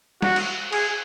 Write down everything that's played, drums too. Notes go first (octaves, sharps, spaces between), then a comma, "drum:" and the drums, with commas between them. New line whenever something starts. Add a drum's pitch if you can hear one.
F#4, drum: snare
drum: cymbal
G#4, drum: cymbal